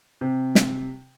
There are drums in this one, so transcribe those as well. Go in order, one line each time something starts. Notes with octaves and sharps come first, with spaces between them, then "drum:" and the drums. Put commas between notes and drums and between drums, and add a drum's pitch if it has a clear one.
C3
drum: snare